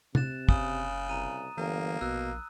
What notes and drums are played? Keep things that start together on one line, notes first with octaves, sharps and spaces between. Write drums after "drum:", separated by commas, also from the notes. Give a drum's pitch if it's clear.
C3 F#6 A6 E7, drum: tom C3
F#1 C#3 D#6, drum: kick
C2 A#5 D#7
G1 E3 A#3
A#1 B2 E6 F#6